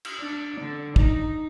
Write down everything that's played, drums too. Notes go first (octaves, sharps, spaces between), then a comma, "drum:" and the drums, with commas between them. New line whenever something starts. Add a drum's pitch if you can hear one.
drum: cymbal
D4
D3
D#4, drum: kick